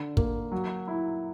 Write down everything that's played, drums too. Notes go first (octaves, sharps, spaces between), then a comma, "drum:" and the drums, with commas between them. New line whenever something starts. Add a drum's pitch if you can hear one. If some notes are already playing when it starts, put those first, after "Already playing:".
Already playing: D3
A#3, drum: kick
F#3
E4